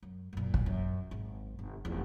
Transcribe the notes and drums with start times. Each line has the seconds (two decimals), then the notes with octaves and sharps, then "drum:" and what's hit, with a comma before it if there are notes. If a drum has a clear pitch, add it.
0.03 F#2
0.33 F#2 A#2
0.54 drum: kick
0.66 F#2
1.11 G#1
1.59 G1
1.85 F1 E2